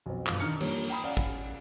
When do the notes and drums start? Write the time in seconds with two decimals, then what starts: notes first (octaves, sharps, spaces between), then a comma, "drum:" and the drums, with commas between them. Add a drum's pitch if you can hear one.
0.06 B1 F2
0.27 G1 F3 F5 D6, drum: clap
0.40 D#3 D4 D#4 F6 C#7, drum: tambourine
0.61 F3 G3 A#3 D4 C#5, drum: cymbal
0.90 G5 A#5 B5 D#6
1.03 C#4 D5 F5 F#5
1.17 drum: kick